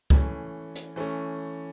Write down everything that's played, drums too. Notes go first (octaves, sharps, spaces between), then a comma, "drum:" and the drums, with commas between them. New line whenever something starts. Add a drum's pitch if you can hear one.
E3 A3 C#4, drum: kick
drum: hi-hat
E3 A3 C#4